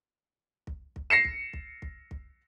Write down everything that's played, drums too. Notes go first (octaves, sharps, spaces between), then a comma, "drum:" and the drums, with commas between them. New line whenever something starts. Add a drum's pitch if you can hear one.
drum: kick
drum: kick
A#6 C7 C#7 E7
drum: kick
drum: kick
drum: kick
drum: kick